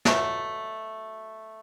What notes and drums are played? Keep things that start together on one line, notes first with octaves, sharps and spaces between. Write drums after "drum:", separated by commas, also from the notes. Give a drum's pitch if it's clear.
B2 F#3 A3, drum: snare